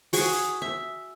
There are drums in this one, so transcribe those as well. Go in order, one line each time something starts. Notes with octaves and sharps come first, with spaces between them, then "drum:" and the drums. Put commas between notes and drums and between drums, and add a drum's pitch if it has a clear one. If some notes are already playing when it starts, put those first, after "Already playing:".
F#4 G#4 C#6, drum: open hi-hat
E5